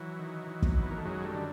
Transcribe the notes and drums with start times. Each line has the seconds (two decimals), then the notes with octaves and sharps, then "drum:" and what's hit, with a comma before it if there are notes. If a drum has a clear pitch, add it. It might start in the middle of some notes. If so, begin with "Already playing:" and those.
Already playing: E3 F#3
0.19 D#3
0.48 D#3
0.62 drum: kick
0.77 D#3
0.83 B3
0.90 A#3
0.98 A3
1.05 F#2 F#3 G#3
1.24 G3 A3
1.34 D3